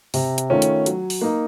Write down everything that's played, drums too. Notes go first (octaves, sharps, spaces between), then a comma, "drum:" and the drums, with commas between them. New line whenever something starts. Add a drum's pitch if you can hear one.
C3, drum: open hi-hat
drum: hi-hat
D#3 A3 C#4 F4
drum: hi-hat
F#3, drum: hi-hat
drum: open hi-hat
A#3 D#4